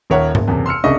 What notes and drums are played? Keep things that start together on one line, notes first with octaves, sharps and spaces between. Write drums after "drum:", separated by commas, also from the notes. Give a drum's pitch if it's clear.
D#1 D#2 A#4 C#5 E5 F#5
F#1, drum: tom G#2
F#1 E2 C3
C6 E6 F6 C#7
C2 C#3 D4 D#5 E5 C#6